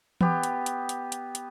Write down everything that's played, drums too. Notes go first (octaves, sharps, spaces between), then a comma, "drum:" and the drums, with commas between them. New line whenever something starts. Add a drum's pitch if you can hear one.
B3 G4, drum: tom E3
drum: hi-hat
drum: hi-hat
drum: hi-hat
drum: hi-hat
drum: hi-hat